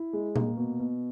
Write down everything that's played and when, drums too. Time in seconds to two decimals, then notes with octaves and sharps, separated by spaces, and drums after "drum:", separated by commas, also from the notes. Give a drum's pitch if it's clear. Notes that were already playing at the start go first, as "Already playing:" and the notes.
Already playing: E4
0.13 G#3
0.36 A#3, drum: tom A#2
0.57 B2
0.79 B2